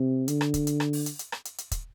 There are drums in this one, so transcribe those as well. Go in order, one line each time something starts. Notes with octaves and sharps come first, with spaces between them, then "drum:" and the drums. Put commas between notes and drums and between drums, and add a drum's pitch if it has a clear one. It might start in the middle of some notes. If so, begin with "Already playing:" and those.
Already playing: C3
D3, drum: hi-hat
drum: rim click
drum: kick, hi-hat
drum: hi-hat
drum: rim click
drum: open hi-hat
drum: hi-hat
drum: hi-hat
drum: rim click
drum: hi-hat
drum: hi-hat
drum: kick, hi-hat